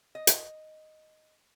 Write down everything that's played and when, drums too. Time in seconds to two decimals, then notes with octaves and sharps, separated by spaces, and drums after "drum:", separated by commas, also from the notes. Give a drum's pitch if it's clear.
0.15 D#5
0.27 drum: hi-hat